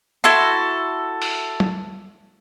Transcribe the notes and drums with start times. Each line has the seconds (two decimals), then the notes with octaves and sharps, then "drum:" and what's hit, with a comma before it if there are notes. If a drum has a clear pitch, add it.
0.24 E4 F#4 A4 C6
1.22 drum: open hi-hat
1.60 drum: tom F#3